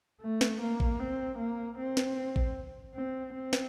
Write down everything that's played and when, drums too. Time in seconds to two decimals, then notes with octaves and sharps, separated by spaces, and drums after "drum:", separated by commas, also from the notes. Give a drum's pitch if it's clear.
0.21 A3
0.41 drum: snare
0.61 A#3
0.80 drum: kick A1
0.99 C4
1.38 A#3
1.78 C4
1.97 drum: snare
2.36 drum: kick A1
2.95 C4
3.33 C4
3.53 drum: snare